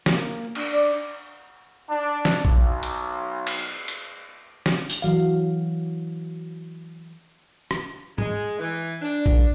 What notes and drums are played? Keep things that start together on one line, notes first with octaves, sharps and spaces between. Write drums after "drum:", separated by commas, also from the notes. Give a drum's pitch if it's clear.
A#3, drum: snare
D4, drum: cymbal
D5
D4
drum: snare
B1, drum: kick A#1
drum: hi-hat
drum: cymbal
drum: hi-hat
drum: snare
drum: tambourine
E3 F#3 F5
drum: rim click
G#3, drum: tom G#2
E3
D4
drum: kick A#1